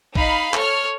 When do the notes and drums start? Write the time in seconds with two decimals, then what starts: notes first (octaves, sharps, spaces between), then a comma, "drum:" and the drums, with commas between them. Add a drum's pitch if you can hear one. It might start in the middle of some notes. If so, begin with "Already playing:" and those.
0.15 D#4 F5 B5, drum: kick
0.54 A4 C#5 F6, drum: clap